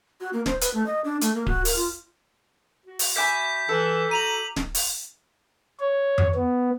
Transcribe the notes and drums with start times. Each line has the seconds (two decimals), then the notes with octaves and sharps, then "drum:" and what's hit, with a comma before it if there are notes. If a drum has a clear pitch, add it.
0.21 F#4
0.33 A#3
0.46 C5, drum: snare
0.61 B4, drum: hi-hat
0.74 A3
0.86 D#5
1.04 D4
1.21 A3, drum: hi-hat
1.34 A#3
1.47 F#4, drum: kick D1
1.65 A#4, drum: open hi-hat
1.76 F4
2.86 F#4
2.99 drum: open hi-hat
3.16 E5 G#5 B5 D6 G6 B6
3.69 E3 A4
4.11 F#4 A#5 D#7 F7 F#7
4.56 drum: snare
4.75 drum: open hi-hat
5.80 C#5
6.18 drum: tom F2
6.35 B3